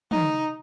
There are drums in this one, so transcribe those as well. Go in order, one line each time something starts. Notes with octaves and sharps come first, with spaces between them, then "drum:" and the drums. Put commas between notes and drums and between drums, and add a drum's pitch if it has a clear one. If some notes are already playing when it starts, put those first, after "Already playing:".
D#4, drum: tom